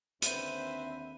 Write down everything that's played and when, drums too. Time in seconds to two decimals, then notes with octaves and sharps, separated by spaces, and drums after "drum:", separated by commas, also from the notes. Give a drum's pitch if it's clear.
0.22 D#2 D3 C4 B4 C5 E5 D#7, drum: hi-hat